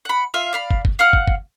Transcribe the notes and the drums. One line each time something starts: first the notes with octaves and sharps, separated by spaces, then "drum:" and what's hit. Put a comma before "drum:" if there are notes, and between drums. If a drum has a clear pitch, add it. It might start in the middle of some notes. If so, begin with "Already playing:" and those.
F#5 B5
F4 E5 F5
D5 F5 B5
drum: kick
drum: kick
F5 F#5 F6
drum: kick
drum: kick